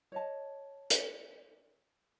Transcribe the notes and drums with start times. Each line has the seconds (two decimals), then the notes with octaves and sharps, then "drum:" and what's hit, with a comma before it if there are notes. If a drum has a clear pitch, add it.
0.12 C#5 D#5 A5
0.90 drum: hi-hat